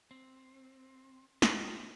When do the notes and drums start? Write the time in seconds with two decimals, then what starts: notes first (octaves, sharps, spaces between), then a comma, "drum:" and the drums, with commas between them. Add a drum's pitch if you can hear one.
0.11 C4
1.42 D#4 G4, drum: snare